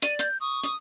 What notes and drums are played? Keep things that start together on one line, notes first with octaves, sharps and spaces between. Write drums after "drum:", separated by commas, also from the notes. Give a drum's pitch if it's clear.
D5 D#7, drum: hi-hat
G6, drum: hi-hat
C#6 D#6
D#6, drum: hi-hat